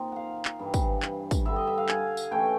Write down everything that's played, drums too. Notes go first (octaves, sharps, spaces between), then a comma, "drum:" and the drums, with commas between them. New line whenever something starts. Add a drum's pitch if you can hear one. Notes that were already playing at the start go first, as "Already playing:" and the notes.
Already playing: A#2 C4 D#4
F5 F#5
drum: clap
G2 E3 G3
drum: kick, tambourine
drum: clap
drum: kick, tambourine
G2 D3 G3 E5
D#5
E5
F5
G#5, drum: clap
drum: tambourine
E3 A3 C#4 G5